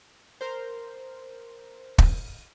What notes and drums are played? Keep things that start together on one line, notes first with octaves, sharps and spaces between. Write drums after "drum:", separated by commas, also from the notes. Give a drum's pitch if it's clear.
A#4 C5
drum: kick